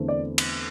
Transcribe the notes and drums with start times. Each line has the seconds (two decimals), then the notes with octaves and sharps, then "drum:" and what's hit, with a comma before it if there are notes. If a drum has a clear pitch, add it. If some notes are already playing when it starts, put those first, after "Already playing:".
Already playing: E2 D3 A3 C4
0.08 D5
0.38 drum: cymbal